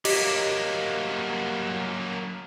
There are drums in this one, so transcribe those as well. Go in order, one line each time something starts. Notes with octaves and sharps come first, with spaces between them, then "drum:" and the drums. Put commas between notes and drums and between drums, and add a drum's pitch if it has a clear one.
F#3 A#3 G4 D#5 B6, drum: cymbal